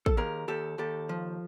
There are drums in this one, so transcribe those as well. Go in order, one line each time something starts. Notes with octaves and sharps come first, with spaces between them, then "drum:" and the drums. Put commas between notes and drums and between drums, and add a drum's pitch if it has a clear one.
A4, drum: kick
D#2 G#4 A#4
D#2 G4 A4
D#2 G4 A4
F3